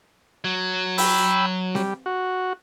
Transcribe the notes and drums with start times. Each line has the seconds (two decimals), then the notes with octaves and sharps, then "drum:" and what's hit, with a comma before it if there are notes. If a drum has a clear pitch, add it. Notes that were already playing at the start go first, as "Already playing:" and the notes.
0.44 F#3
0.98 G5 B5 E6, drum: open hi-hat
1.75 G3, drum: snare C4
2.06 F#4